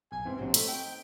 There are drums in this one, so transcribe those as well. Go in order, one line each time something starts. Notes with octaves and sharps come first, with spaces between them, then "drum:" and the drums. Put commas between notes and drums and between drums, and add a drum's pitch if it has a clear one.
B1 G#5
G#2 E3 C4
A#1 C3 F#3 C4
A3 C4 D#4, drum: hi-hat
G5